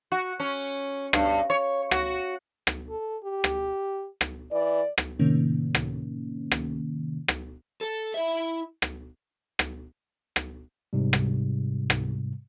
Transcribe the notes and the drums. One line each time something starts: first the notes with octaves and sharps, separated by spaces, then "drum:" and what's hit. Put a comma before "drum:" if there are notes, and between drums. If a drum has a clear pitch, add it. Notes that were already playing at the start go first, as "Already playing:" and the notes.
F#4
C#4
G2, drum: rim click
C#5
F#4, drum: rim click
drum: rim click
A4
G4
drum: rim click
drum: rim click
E3 D5
drum: rim click
A2 C3 D#3 A#3 C#4
drum: rim click
drum: rim click
drum: rim click
A4
E4 E5
drum: rim click
drum: rim click
drum: rim click
G#2 C3 G3
drum: rim click
drum: rim click